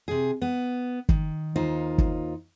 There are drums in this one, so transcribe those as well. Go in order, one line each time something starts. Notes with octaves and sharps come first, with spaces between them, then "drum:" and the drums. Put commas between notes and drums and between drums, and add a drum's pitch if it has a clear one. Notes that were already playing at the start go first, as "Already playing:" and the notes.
C3 G#4
B3
D#3, drum: kick
D#2 D#4 F4 C5
drum: kick